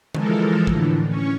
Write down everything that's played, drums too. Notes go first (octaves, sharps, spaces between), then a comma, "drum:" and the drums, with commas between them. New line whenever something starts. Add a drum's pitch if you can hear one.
E3 F3 G#3 A4 A#4, drum: tom D3
A2 D3 E3, drum: kick
C#4 C#5